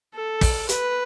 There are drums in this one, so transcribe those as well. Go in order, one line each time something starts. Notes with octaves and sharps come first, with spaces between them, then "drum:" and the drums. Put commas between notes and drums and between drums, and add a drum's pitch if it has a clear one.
A4
drum: kick, open hi-hat
B4, drum: hi-hat